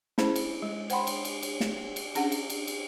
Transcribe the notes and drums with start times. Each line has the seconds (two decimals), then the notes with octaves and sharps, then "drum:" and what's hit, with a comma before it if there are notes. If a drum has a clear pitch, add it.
0.18 C#4 E4 G#4 C5, drum: snare
0.36 drum: cymbal
0.62 G#3
0.90 C5 F#5 G5 B5 C6, drum: cymbal
1.07 drum: cymbal
1.25 drum: cymbal
1.43 drum: cymbal
1.60 drum: snare
1.96 drum: cymbal
2.15 C#4 D4 G#4 F#5, drum: cymbal
2.32 drum: cymbal
2.50 drum: cymbal
2.67 drum: cymbal